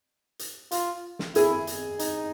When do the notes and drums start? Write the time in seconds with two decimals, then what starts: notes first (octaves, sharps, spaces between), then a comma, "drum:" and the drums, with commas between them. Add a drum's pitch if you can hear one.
0.39 drum: hi-hat
0.71 F4, drum: hi-hat
1.19 drum: snare
1.35 E4 G#4, drum: hi-hat
1.67 drum: hi-hat
1.99 D#4, drum: hi-hat